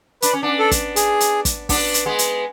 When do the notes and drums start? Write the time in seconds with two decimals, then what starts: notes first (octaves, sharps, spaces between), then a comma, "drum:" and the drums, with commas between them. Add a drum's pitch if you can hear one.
0.22 D4 B4, drum: hi-hat
0.33 C#4
0.43 B3 D4
0.59 A4
0.71 drum: kick, hi-hat
0.96 G#4, drum: hi-hat
1.20 drum: hi-hat
1.45 drum: kick, hi-hat
1.69 B3 D4, drum: kick, open hi-hat
1.94 drum: hi-hat
2.06 G#3 B3
2.19 drum: hi-hat